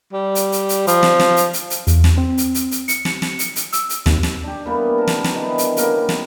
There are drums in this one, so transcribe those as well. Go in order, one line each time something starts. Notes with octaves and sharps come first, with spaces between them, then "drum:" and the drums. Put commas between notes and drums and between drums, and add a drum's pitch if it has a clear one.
G3
drum: hi-hat
drum: hi-hat
drum: hi-hat
F3, drum: hi-hat
drum: snare
drum: snare
drum: hi-hat
drum: hi-hat
drum: hi-hat
E2, drum: hi-hat
drum: snare
C4
drum: hi-hat
drum: hi-hat
drum: hi-hat
C#7, drum: hi-hat
drum: snare
drum: snare
drum: hi-hat
drum: hi-hat
E6, drum: hi-hat
drum: hi-hat
D#2, drum: snare
drum: snare
D4 G4
E3 G3 A#3 B3
A#4 A5
drum: snare
drum: snare
D#3 E3 B3 D4
drum: hi-hat
C#3 A#3 B3 A#4, drum: hi-hat
B3
drum: snare